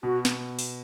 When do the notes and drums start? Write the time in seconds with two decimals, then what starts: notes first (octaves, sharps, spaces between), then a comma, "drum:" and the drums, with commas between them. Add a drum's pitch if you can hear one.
0.03 B2 F#4
0.25 drum: snare
0.59 drum: open hi-hat